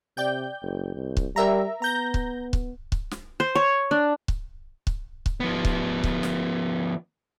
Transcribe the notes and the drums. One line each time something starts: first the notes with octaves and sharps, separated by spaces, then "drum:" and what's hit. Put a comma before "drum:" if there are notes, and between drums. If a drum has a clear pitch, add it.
C3 D5 G5 G6
F#1
C2
drum: kick C#1
G3 A#4 E5 A#5
B3 A#5 G6 A#6
drum: kick C#1
drum: kick C#1
drum: kick C#1
drum: snare
C5
C#5
D4
drum: kick C#1
drum: kick C#1
drum: kick C#1
F3 B3
drum: kick C#1
drum: kick C#1
drum: snare